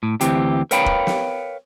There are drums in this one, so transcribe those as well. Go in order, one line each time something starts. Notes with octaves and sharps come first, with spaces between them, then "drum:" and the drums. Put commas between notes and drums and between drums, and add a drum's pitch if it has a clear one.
A2
D2 E3 C4 G4, drum: hi-hat
A#4 B4 C#5 F5 G5 B5, drum: hi-hat
drum: kick
drum: snare